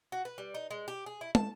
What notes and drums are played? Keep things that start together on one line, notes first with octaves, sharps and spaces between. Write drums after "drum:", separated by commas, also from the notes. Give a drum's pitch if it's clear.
F#4
B4
G3
D#4
G#3
G4
G#4
E4
A5, drum: tom